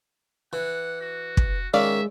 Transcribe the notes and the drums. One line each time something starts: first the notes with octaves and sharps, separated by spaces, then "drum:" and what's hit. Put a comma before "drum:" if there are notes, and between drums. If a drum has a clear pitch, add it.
E3 F#5
F#4
drum: kick
D#3 G#3 C#4 D5 E5 F5